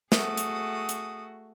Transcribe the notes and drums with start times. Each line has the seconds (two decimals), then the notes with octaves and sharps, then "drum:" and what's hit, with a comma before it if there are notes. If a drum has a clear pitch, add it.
0.12 A3 F#4 G#4 D#6, drum: snare
0.37 drum: hi-hat
0.89 drum: hi-hat